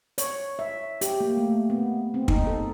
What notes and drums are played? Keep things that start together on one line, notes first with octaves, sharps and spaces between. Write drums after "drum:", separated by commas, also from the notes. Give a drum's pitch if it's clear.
C#5, drum: hi-hat
E5
G4, drum: hi-hat
A#3
A3
B3
C4
D#4, drum: kick
A4